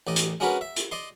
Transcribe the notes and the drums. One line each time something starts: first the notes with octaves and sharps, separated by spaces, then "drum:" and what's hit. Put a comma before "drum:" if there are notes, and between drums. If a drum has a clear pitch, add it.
A1 D5 D#5
drum: hi-hat
G#3 C#4 D4 F#4 A#4 B4
E5
drum: hi-hat
D5 D#5 C6